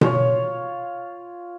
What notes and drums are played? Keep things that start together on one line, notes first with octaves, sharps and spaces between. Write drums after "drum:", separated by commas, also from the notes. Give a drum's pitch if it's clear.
F4 C#5, drum: tom B2